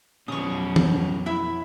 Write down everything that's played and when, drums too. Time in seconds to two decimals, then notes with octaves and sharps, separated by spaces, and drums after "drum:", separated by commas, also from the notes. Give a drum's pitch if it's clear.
0.28 F2 B2 F#3 B3 C#4 C#6 D#6
0.76 drum: tom
1.26 E4 E5